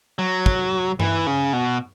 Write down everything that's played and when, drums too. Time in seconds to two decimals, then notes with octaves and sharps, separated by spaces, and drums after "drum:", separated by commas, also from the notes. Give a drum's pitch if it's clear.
0.19 F#3
0.46 drum: kick
1.00 E3, drum: tom G2
1.27 C#3
1.53 B2